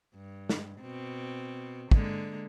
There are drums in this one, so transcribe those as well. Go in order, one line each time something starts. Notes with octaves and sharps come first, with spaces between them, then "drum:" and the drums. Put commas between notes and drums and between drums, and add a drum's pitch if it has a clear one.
G2
drum: snare
B2 C4
D3 G#3 A#3, drum: kick